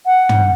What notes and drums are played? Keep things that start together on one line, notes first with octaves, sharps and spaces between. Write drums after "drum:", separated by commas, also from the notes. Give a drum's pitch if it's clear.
F#5
drum: tom